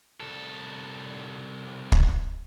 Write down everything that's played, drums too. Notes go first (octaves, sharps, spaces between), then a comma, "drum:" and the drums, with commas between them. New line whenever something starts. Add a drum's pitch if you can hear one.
C2 A4
drum: kick